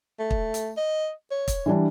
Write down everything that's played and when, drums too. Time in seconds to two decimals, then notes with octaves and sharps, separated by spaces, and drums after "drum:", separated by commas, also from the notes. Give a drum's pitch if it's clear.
0.19 A3
0.31 drum: kick
0.54 drum: hi-hat
0.77 D#5
1.31 C#5
1.48 drum: kick, hi-hat
1.66 E3 G3 D4